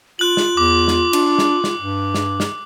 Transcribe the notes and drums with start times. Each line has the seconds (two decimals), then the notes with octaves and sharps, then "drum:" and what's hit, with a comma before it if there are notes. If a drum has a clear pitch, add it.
0.19 F4 F#6 F#7
0.37 drum: snare
0.57 E2 D6
0.88 drum: snare
1.13 D4, drum: cymbal
1.38 drum: snare
1.64 drum: snare
1.81 G2
2.15 drum: snare
2.40 drum: snare